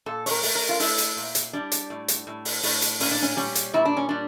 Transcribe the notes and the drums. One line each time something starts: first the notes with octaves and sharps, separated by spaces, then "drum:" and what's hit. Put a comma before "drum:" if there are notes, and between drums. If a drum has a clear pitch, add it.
A#2 A4
C#5, drum: open hi-hat
A#4
A3, drum: open hi-hat
A#4
F4
A3 E4, drum: open hi-hat
drum: hi-hat
A#2
drum: hi-hat
G3 D4
drum: hi-hat
A2
drum: hi-hat
A2
drum: open hi-hat
A2, drum: open hi-hat
drum: hi-hat
A#2 C#4, drum: open hi-hat
D4
C#4
G3 C#4
drum: hi-hat
A#2 E4
D4
C#4
G3 D4